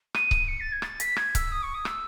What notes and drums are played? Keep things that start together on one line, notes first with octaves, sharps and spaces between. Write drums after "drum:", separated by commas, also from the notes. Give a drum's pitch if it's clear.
D#7, drum: rim click
drum: kick C#1
C#7
A6
G#6
A6, drum: rim click
B6, drum: hi-hat
G#6, drum: rim click
E6, drum: kick C#1, hi-hat
D#6
C#6
D#6
E6, drum: rim click